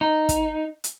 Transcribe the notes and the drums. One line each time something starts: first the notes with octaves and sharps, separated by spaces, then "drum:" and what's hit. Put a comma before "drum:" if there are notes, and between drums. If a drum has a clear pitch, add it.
D#4
drum: kick, hi-hat
drum: hi-hat